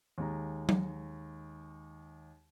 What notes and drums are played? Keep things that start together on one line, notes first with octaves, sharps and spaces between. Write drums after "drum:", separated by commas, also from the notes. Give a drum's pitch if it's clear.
D#2 G#3 A#5
drum: tom F#3